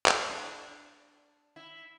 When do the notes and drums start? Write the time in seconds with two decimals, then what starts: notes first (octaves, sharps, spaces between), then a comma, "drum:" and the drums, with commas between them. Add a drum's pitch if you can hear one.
0.06 drum: clap
0.30 D4
1.56 E4